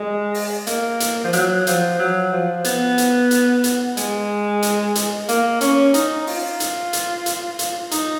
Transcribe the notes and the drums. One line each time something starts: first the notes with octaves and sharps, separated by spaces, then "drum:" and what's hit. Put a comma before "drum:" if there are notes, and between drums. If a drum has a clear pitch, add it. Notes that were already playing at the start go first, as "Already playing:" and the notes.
Already playing: G#3
drum: open hi-hat
A#3, drum: hi-hat
drum: hi-hat
F3
F#3, drum: hi-hat
F3, drum: hi-hat
F#3
F3
B3, drum: hi-hat
drum: hi-hat
drum: hi-hat
drum: hi-hat
G#3, drum: hi-hat
drum: hi-hat
drum: hi-hat
A#3, drum: hi-hat
C#4, drum: hi-hat
D#4, drum: hi-hat
F4, drum: open hi-hat
drum: hi-hat
drum: hi-hat
drum: hi-hat
drum: hi-hat
D#4, drum: hi-hat